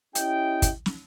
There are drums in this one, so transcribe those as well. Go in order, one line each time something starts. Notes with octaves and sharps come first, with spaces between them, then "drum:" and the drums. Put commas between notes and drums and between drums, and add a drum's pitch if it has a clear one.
C#4 E4 G4 D#5 G5, drum: hi-hat
drum: kick, hi-hat
drum: snare